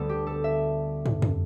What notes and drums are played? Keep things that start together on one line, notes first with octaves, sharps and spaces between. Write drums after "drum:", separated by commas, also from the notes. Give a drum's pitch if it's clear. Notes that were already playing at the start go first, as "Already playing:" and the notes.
Already playing: D2 D3 G3 B3 A4
G4
A4
E5
drum: tom
drum: tom